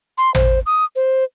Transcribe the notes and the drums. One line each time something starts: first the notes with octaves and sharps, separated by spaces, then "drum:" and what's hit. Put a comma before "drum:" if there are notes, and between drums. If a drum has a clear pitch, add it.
C6
C5, drum: tom
D#6
C5